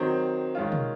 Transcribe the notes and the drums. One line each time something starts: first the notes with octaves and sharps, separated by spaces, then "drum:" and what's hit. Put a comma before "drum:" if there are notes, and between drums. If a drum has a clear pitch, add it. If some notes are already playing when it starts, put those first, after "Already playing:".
Already playing: D#3 F#3 C4
D#3 G#3 C#4 F4
drum: tom B2